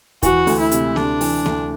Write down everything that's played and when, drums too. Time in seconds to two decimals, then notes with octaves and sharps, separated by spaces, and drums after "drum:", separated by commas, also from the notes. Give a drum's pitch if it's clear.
0.23 E3 F#4, drum: kick D#2, hi-hat
0.47 D2, drum: open hi-hat
0.59 E4
0.71 C3, drum: hi-hat
0.96 D2 D4, drum: snare A#3
1.21 E3, drum: open hi-hat
1.46 D2, drum: snare A#3